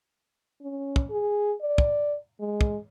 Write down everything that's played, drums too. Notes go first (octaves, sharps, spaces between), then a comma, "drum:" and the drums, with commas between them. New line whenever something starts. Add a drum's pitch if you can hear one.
C#4
drum: kick
G#4
D5
drum: kick
G#3
drum: kick